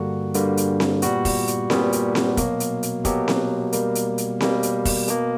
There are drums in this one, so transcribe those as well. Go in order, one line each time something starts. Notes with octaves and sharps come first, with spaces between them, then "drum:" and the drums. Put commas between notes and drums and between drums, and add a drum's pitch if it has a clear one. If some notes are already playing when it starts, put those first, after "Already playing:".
Already playing: G2 D3 G3 A#3 F#4
G2 D3 G3 A#3, drum: hi-hat
drum: hi-hat
drum: snare C4
A#2 G3 B3 F#4, drum: hi-hat
drum: kick, open hi-hat
drum: hi-hat
A#2 G3 B3, drum: snare C4
drum: hi-hat
drum: snare C4
B2 F#3 A#3, drum: kick, hi-hat
drum: hi-hat
drum: hi-hat
B2 F#3 A#3 G4, drum: kick, hi-hat
drum: snare C4
B2 G3 A#3 A#4, drum: hi-hat
drum: hi-hat
drum: hi-hat
B2 G3 A#3, drum: snare C4
drum: hi-hat
drum: kick, open hi-hat
B2 A#3, drum: hi-hat